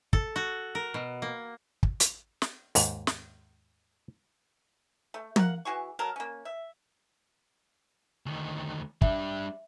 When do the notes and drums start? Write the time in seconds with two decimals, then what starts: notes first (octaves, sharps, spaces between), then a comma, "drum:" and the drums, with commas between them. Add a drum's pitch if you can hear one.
0.13 A4, drum: kick
0.36 F#4
0.75 A#4
0.94 B2
1.22 A#3
1.83 drum: kick
2.00 drum: hi-hat
2.42 drum: snare
2.75 D#2 G#2, drum: open hi-hat
3.07 drum: snare
5.14 A3
5.36 A#4 F5 F#5, drum: tom
5.65 E3 F#4 G#4 C#6
5.99 F#3 A4 A#4
6.16 A#3 C#4
6.45 E5
8.26 D2 D#3
9.02 G3 D4 E5, drum: kick